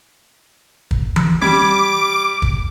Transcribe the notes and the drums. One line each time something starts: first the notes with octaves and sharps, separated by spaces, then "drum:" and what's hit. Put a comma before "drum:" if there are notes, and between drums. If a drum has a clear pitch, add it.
drum: kick
drum: tom E3
G3 D6 G#6 B6
drum: kick